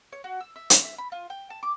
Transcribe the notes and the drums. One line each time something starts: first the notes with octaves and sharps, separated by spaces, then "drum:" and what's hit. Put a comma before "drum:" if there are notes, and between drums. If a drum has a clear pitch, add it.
C#5
F#4
E6
E5
C#5, drum: hi-hat
E5
B5
F4
G5
A5
D6